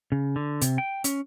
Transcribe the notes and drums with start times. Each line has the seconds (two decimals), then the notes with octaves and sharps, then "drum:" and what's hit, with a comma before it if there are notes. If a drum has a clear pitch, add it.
0.12 C#3
0.36 D3
0.62 C3, drum: hi-hat
0.78 G5
1.04 C#4, drum: hi-hat